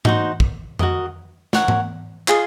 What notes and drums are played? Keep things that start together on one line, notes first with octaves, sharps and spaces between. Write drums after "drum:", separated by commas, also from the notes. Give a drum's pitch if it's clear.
D#4 F#4 C5, drum: tom G#2
drum: kick
F#4 A#4 D#5, drum: tom F2
A#4 C#5 F#5, drum: snare
drum: tom G#2
F4 G#4 D#5, drum: clap